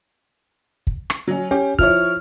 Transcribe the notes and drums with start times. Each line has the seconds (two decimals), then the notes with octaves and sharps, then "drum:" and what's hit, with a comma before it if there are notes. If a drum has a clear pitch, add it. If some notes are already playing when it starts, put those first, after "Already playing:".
0.87 drum: kick
1.10 drum: rim click
1.28 F#3 C#4
1.51 C#4 G4
1.79 F3 E4 C#5 F6, drum: kick